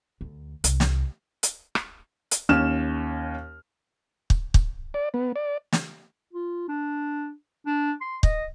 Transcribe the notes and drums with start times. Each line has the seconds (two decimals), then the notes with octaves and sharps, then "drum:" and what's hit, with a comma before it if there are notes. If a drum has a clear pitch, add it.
0.21 D2
0.64 C2, drum: hi-hat
0.80 drum: snare
1.43 drum: hi-hat
1.75 drum: rim click
2.31 drum: hi-hat
2.49 D#2 C#4 F6 E7
4.30 drum: kick
4.54 drum: kick
4.94 D5
5.14 B3
5.36 D5
5.72 drum: snare
6.33 F4
6.69 D4
7.67 D4
8.01 C6
8.23 D#5, drum: kick